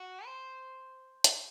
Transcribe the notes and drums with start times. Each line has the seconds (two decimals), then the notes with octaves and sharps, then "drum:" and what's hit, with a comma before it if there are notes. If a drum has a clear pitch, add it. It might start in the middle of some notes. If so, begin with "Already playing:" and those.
Already playing: F#4
0.26 C5
1.24 drum: hi-hat